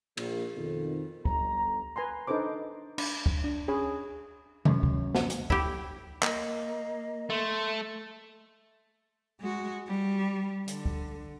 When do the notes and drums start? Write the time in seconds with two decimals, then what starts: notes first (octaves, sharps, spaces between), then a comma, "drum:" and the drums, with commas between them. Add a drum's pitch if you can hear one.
0.17 A#1, drum: cymbal
0.56 F2 B2 D#3
1.25 G1 A#5, drum: kick
1.96 B4 G#5 A#5 C6
2.27 D4 D#4 A4 B4 C5 D6
2.98 D4 B5 D6, drum: cymbal
3.26 drum: kick
3.44 D4
3.68 C#4 G#4 C#5 G#5 B5
4.65 F#2, drum: tom C3
4.83 drum: kick
5.15 drum: snare B3
5.30 drum: hi-hat
5.50 E4 G4, drum: kick
6.23 A#3 D#5, drum: clap
7.30 A3 C6
9.41 G#3 F#4
9.87 G3
10.68 D3, drum: hi-hat
10.86 drum: kick